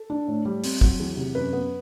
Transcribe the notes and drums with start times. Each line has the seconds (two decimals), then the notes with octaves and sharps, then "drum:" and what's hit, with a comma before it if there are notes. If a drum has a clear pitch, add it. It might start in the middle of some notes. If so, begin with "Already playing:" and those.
Already playing: A4
0.10 D4
0.28 A2
0.45 G3
0.64 C4, drum: open hi-hat
0.81 F#3, drum: kick
0.99 E2
1.17 C3
1.35 F#2 B4
1.53 B3